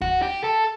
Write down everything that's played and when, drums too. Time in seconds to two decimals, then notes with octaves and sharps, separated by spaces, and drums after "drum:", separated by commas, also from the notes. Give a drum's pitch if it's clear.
0.02 F#4, drum: kick D#2
0.22 G4
0.44 A4